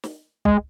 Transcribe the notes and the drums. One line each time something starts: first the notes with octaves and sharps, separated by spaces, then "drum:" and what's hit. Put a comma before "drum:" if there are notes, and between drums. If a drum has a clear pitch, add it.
drum: snare
G#3, drum: kick